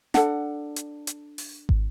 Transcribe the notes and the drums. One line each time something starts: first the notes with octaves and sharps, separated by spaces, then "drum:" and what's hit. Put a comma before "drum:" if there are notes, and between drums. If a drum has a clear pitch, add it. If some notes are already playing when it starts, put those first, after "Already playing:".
D4 A4 F#5, drum: snare
drum: hi-hat
drum: hi-hat
drum: open hi-hat
drum: kick